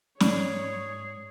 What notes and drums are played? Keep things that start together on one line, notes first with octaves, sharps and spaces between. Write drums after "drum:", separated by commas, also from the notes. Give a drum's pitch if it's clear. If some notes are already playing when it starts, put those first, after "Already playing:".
G#2 G#4 C#5 D5, drum: snare